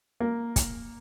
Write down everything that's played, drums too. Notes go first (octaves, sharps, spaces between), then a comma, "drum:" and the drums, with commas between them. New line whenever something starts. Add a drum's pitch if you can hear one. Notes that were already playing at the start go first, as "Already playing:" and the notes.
A#3
drum: kick, hi-hat